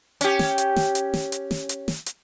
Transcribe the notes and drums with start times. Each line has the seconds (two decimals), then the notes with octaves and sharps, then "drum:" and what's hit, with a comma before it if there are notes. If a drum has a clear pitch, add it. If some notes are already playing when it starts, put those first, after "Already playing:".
0.21 C#4 G4, drum: hi-hat
0.39 drum: snare
0.58 drum: hi-hat
0.76 drum: snare
0.95 drum: hi-hat
1.14 drum: snare
1.32 drum: hi-hat
1.51 drum: snare
1.69 drum: hi-hat
1.88 drum: snare
2.06 drum: hi-hat